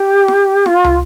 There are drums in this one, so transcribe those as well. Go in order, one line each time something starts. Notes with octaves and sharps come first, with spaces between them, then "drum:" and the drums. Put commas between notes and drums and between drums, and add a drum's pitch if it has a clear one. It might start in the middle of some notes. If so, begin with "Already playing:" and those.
Already playing: G4
drum: snare
F4, drum: snare
drum: tom